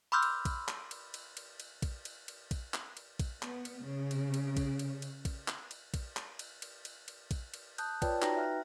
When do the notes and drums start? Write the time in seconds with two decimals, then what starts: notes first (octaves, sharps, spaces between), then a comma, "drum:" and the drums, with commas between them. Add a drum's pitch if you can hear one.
0.12 B5 C6 D6 E6 F6 G6
0.23 drum: cymbal
0.45 drum: kick, cymbal
0.68 drum: clap
0.91 drum: cymbal
1.14 drum: cymbal
1.37 drum: cymbal
1.60 drum: cymbal
1.82 drum: kick, cymbal
2.05 drum: cymbal
2.28 drum: cymbal
2.51 drum: kick, cymbal
2.74 drum: clap
2.97 drum: cymbal
3.19 drum: kick, cymbal
3.42 B3, drum: clap
3.65 drum: cymbal
3.85 C#3
4.11 drum: cymbal
4.34 drum: cymbal
4.57 drum: kick, cymbal
4.79 drum: cymbal
5.02 drum: cymbal
5.25 drum: kick, cymbal
5.48 drum: clap
5.71 drum: cymbal
5.94 drum: kick, cymbal
6.16 drum: clap
6.39 drum: cymbal
6.62 drum: cymbal
6.85 drum: cymbal
7.08 drum: cymbal
7.31 drum: kick, cymbal
7.54 drum: cymbal
7.78 A5 D#6 F#6 G6, drum: cymbal
8.02 F4 B4 C#5 D5 G5 A5, drum: kick, cymbal
8.22 D#4 F#4 B4 G5 A#5 A#6, drum: clap
8.37 E5 F6 F#6